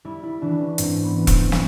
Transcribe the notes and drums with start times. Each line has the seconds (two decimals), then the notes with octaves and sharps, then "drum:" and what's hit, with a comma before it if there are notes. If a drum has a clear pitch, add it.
0.05 G3 E4
0.23 E4
0.42 E3 D4
0.61 C#4
0.78 G#2 C4, drum: hi-hat
1.04 B3
1.15 E3
1.27 C4, drum: kick E1, hi-hat
1.52 C#4, drum: snare